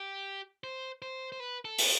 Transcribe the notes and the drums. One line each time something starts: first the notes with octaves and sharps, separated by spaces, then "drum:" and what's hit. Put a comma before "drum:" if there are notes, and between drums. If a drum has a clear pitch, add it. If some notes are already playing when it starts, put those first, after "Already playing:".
Already playing: G4
C5
C5
C5
B4
A4
drum: open hi-hat